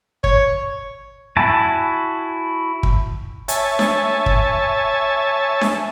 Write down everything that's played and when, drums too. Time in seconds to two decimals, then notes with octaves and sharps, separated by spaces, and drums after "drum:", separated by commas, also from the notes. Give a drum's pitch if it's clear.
0.24 C#5, drum: kick
1.37 E4 F#4 G#5 A5
2.83 drum: kick
3.48 C#5 E5 G#5 A5, drum: hi-hat
3.79 drum: snare D4
4.26 drum: kick
5.61 drum: snare D4